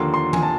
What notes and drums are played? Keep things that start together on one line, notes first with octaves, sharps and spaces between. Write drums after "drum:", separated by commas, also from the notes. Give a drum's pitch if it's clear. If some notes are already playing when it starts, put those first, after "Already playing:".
Already playing: D#2 D3 F3 A#3 C6
C6
G#5, drum: tom E3
A5